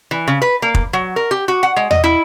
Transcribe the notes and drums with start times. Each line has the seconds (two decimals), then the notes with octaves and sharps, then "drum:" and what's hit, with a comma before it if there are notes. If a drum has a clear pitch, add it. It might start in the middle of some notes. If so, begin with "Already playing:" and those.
0.11 E3
0.28 C#3
0.42 B4
0.62 A#3
0.75 drum: kick
0.93 F#3
1.16 A#4
1.31 G4
1.48 F#4
1.63 F#5
1.76 G#3
1.91 D#5, drum: tom E2
2.04 E4